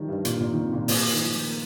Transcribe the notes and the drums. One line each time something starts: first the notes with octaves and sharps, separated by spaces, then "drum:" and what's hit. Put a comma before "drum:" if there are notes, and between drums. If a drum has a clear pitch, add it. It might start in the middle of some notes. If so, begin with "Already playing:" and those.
Already playing: D#3 F3 G3
G2
A#2, drum: hi-hat
A#2
D#3
C3
A#2
A#2, drum: open hi-hat
D#3
F3
A#3